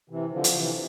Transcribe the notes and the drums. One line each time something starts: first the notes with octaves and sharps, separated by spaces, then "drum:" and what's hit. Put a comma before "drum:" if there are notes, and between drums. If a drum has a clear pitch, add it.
C3 E3
D3 F3
drum: hi-hat
C3 E3